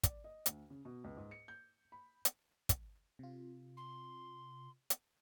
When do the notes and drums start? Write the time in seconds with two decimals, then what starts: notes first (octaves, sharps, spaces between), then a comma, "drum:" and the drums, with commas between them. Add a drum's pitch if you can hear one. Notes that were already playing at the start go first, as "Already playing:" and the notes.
0.03 D5, drum: kick, hi-hat
0.24 D#5
0.46 D2, drum: hi-hat
0.70 C#3
0.85 B2
1.04 C#2
1.17 G#2
1.31 C#7
1.48 G6
1.92 B5
2.25 drum: hi-hat
2.69 drum: kick, hi-hat
3.19 C3 F4
3.77 C6
4.90 drum: hi-hat